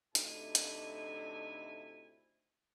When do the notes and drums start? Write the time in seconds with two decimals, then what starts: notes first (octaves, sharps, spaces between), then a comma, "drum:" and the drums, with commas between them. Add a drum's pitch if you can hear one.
0.15 D2 A2 C3 D#4 E4 G#5, drum: hi-hat
0.55 drum: hi-hat